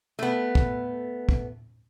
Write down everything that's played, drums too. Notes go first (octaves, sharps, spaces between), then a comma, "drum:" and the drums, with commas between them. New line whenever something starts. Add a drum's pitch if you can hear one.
A3 B3
drum: kick
drum: kick